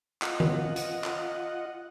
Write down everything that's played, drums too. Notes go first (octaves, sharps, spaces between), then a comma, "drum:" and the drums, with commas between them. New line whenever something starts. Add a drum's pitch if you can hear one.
F4 D#5 F#5, drum: clap
drum: tom D#3
drum: hi-hat
drum: clap